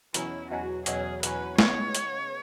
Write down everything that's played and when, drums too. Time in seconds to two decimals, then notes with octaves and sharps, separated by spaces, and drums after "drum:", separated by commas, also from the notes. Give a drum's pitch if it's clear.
0.14 E2 B2 F#3 C#4 E4, drum: hi-hat
0.50 E2 B2 F#3 C#4 F#4
0.86 E2 B2 F#3 C#4 G#4, drum: hi-hat
1.23 E2 B2 F#3 C#4 B4, drum: hi-hat
1.59 C#3 G#3 B3 C#5, drum: snare
1.95 drum: hi-hat